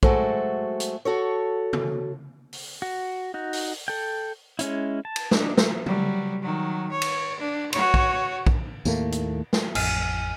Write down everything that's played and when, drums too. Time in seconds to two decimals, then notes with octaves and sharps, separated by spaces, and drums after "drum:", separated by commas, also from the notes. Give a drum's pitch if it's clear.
0.03 F#3 G#3 A3 F#4 A4 C5, drum: kick
0.80 drum: hi-hat
1.05 F#4 A4 C#5
1.73 drum: tom
2.53 drum: open hi-hat
2.82 F#4
3.34 D#4 F#4
3.53 drum: open hi-hat
3.88 A4 G5
4.59 G#3 C#4 E4, drum: hi-hat
5.05 A5
5.16 drum: cymbal
5.31 D4 D#5, drum: snare
5.57 drum: snare
5.86 F#3 G3, drum: tom
6.42 D#3 F#3
6.92 C#5
7.02 drum: cymbal
7.40 D4
7.73 F#4 C#5, drum: cymbal
7.94 drum: kick
8.47 drum: kick
8.85 D#2 A2 A3 A#3, drum: tambourine
9.12 drum: hi-hat
9.53 drum: snare
9.75 A1 F2 G#5 F6 D#7, drum: cymbal